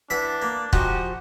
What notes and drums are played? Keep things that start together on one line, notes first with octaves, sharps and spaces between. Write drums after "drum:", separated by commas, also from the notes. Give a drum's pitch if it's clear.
E3 D4 E5 F#5 B6
A#3
F3 D#4 F#4 G4 G#5 F#6, drum: kick